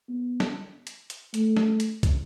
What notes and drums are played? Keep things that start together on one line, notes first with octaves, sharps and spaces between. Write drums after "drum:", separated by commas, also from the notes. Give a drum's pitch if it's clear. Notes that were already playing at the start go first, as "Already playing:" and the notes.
B3
drum: snare
drum: hi-hat
drum: hi-hat
A3, drum: hi-hat
drum: snare
drum: hi-hat
drum: kick, hi-hat